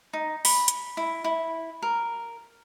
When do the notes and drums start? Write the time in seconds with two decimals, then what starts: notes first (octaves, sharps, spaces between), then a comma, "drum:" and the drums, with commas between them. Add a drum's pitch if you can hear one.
0.13 D#4
0.45 B5, drum: open hi-hat
0.68 drum: hi-hat
0.97 E4
1.24 E4
1.82 A#4